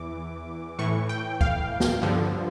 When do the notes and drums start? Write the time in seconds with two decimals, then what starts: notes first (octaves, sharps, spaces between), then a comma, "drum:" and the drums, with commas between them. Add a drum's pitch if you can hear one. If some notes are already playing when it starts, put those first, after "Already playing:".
Already playing: E2 E3 D6
0.79 A2 E3 C#6
1.09 G5
1.41 F5, drum: kick C#2
1.80 drum: snare
2.02 G2 D3 F3